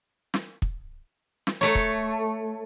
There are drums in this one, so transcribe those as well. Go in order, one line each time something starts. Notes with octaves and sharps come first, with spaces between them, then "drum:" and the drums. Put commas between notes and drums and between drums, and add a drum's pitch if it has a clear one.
drum: snare
drum: kick
drum: snare
A3 C#5
drum: kick